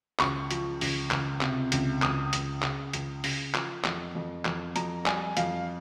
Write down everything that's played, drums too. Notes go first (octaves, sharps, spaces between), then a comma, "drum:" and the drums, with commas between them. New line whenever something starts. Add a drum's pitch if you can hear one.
C#2 C#6, drum: clap
F3, drum: hi-hat
C#2, drum: open hi-hat
C#2, drum: clap
C3, drum: clap
C#2, drum: hi-hat
C#2 D#6, drum: clap
C#2, drum: hi-hat
C#3, drum: clap
C#2, drum: hi-hat
C#3, drum: open hi-hat
F3, drum: clap
F2, drum: clap
F2
F2, drum: clap
F2 A#5, drum: hi-hat
G3 G#5, drum: clap
F2 F5, drum: hi-hat